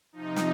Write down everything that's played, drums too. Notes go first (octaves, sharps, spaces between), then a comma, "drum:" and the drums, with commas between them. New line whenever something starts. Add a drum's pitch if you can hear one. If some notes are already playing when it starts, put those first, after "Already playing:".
C3 F3 D#4
drum: snare